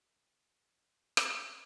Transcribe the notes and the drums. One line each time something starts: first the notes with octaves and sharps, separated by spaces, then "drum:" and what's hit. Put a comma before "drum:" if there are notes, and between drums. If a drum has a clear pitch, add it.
E4 G4 A#5 A6 F7
F#5 F#7
drum: rim click